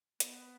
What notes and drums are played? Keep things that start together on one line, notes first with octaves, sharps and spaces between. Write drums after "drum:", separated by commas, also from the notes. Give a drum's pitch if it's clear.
B3, drum: hi-hat